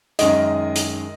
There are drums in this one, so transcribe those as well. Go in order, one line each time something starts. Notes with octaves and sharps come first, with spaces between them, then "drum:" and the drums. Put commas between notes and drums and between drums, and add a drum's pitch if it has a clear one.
F#2 D#3 G#3 D#5, drum: hi-hat
drum: hi-hat